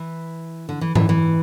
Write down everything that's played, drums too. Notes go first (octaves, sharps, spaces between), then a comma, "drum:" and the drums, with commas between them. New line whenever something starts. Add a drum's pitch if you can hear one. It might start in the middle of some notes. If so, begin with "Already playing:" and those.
Already playing: E3
D3
E3
E3, drum: tom G#2
E3